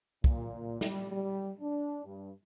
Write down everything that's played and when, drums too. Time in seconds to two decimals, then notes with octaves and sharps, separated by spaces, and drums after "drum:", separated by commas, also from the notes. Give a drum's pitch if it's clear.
0.24 A#2, drum: kick
0.81 G3, drum: snare
1.10 G3
1.60 D4
2.05 G2